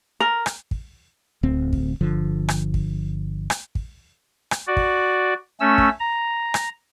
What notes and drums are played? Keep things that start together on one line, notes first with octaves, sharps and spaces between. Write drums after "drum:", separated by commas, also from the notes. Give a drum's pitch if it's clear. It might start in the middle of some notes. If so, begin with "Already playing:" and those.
A#4
drum: rim click
drum: kick
D1 D2 C4
drum: kick
G1 D3 F3
drum: rim click
drum: kick
drum: rim click
drum: kick
drum: rim click
F#4 D5
drum: kick
A3 C#4 E6
drum: kick
A#5
drum: rim click